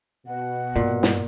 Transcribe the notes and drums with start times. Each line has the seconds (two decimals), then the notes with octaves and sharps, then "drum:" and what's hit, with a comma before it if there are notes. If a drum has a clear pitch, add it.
0.27 B2 F#5
0.76 G2 A#2
1.03 drum: snare